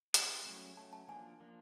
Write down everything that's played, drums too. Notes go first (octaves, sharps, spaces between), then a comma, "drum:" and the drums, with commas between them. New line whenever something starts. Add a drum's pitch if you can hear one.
G3 C4 E4 G#4 B4, drum: hi-hat
F#3 A3 C#4
F#3 A3 C#4 A5
A5
F3 A#3 D4 G#5
F3 A#3 D4